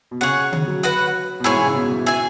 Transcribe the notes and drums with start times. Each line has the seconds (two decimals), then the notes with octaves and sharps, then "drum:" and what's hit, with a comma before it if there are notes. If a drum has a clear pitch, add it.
0.11 B2
0.21 C#3 G#4 C#5 F#5
0.53 C#3, drum: tom D3
0.68 F#3
0.83 F#4 B4 F#5
1.40 B2
1.44 G#2 E4 G#4 C#5 G#5
1.57 E3
1.65 C#3
1.75 B2
1.92 E3
2.06 G#4 E5 G#5